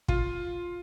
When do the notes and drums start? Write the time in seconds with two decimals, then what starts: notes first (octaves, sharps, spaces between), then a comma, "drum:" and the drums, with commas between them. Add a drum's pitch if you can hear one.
0.08 F4, drum: kick